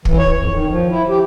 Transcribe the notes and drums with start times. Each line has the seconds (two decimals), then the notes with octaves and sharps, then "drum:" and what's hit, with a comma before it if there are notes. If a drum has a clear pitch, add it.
0.05 E3, drum: kick
0.18 C#5
0.37 F2
0.51 D#3
0.70 F3
0.90 E4
1.09 G4